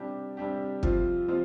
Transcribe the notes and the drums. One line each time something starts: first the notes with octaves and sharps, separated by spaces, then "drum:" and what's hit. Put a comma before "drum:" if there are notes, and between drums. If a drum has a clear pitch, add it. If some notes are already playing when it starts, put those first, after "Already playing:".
Already playing: C3 G3 D4 G4
C3 G3 D4 G4
C3 F3 C4 F4, drum: kick
C3 F3 C4 F4